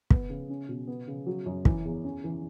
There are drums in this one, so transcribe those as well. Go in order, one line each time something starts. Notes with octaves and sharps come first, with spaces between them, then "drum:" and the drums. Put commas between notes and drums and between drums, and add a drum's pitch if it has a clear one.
B3, drum: kick
C#3
C#4
B2
B3
C#3
F#3
F#2
E3, drum: kick
E2
C#4
E3